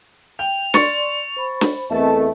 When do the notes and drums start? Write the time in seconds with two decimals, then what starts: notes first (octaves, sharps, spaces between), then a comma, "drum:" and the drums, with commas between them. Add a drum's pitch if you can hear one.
0.39 G5 F7
0.74 D5 C6 C#6 A6 C#7, drum: snare
1.37 C5 B5
1.61 drum: snare
1.90 E2 A3 C4 A#4 D#5 A5